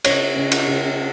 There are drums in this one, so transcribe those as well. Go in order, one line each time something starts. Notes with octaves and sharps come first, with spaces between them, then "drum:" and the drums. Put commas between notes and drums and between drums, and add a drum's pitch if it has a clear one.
C#3 C#5, drum: cymbal
C#3
drum: cymbal
C#3